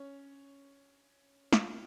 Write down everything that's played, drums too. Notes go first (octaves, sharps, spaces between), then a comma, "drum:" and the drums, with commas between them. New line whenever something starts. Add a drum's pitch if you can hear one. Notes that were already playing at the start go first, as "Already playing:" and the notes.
Already playing: C#4 C#5
F4 F5, drum: snare